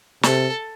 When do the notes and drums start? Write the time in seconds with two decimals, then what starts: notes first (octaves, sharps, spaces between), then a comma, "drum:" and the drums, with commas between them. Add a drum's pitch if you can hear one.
0.23 C3 A4, drum: snare